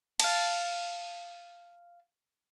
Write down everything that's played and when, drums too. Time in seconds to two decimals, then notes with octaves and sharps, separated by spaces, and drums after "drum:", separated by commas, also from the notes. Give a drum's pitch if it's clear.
0.20 F5 A5, drum: cymbal